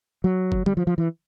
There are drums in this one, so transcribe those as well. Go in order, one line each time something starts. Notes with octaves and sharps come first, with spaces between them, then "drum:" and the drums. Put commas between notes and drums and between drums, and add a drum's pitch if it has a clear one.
F#3
drum: kick
G3, drum: tom D3
F3
F3
E3